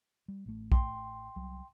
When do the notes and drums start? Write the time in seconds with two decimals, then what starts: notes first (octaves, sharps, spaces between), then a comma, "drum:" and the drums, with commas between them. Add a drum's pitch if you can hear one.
0.28 G3
0.46 A1 A3
0.72 G5 C6, drum: kick
1.36 C2 F#3